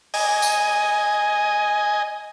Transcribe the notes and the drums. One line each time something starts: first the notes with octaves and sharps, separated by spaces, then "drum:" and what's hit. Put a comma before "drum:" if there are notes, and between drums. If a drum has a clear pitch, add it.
D#5 G#5, drum: open hi-hat
drum: tambourine